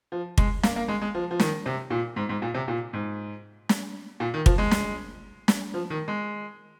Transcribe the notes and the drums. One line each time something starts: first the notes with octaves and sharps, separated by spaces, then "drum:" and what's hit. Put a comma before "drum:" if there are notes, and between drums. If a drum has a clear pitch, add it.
F3
G#3, drum: kick
A#3, drum: snare
A#3
G#3
G#3
F3
F3
D#3, drum: snare
C3
A#2
G#2
G#2
A#2
C3
A#2
G#2
drum: snare
A#2
D#3
F3, drum: kick
G#3
drum: snare
drum: snare
F3
D#3
G#3